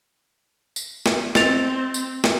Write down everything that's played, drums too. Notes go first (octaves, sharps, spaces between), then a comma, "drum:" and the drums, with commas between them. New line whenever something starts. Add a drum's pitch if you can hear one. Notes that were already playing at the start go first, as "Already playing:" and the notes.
drum: tambourine
drum: snare
C4 D#5 A6 F7, drum: snare
drum: tambourine
drum: snare